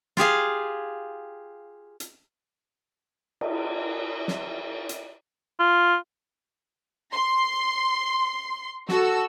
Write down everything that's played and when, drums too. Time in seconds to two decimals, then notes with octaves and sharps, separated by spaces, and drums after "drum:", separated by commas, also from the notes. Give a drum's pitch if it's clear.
0.17 F4 G4 G#4 F5, drum: snare
2.00 drum: hi-hat
3.41 drum: cymbal
4.28 drum: snare
4.89 drum: hi-hat
5.60 F4
7.12 C6
8.89 F#4 A4 E6, drum: snare